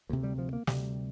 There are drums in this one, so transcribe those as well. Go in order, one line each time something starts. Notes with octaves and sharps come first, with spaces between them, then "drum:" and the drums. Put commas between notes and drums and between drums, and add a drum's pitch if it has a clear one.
D2 C3 A#3
G3
F3
A#3
D2 C3 G3, drum: snare